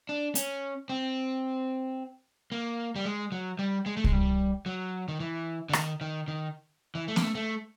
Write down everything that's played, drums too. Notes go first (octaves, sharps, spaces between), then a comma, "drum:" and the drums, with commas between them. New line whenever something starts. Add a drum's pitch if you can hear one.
D4
C#4, drum: hi-hat
C4
A#3
G3
G#3
F#3
G3
G#3
A3
G#3, drum: kick C2
G3
F#3
D#3
E3
D3
D#3, drum: rim click
D#3
D#3
E3
A3
A#3, drum: snare B3
A3
A3